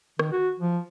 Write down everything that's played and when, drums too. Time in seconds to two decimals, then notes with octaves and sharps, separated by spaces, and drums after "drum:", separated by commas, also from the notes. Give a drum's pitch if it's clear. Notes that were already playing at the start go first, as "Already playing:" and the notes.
0.19 D#3, drum: rim click
0.32 F#4
0.59 F3